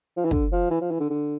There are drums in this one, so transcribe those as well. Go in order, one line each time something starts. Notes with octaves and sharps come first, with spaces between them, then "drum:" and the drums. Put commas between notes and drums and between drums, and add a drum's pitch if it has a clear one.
F3
E3
D3, drum: kick
F3
E3
F3
E3
D3
D3